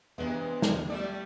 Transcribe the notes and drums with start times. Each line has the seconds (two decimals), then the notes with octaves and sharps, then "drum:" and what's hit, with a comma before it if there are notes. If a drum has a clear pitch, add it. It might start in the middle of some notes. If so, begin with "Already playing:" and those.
0.18 C3 E3 G#3 B3 D4
0.62 drum: snare
0.90 G3 A3 E4 D5